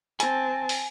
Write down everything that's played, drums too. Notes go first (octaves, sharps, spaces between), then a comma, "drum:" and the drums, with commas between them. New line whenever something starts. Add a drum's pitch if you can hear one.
C4 G#5 A5, drum: hi-hat
drum: open hi-hat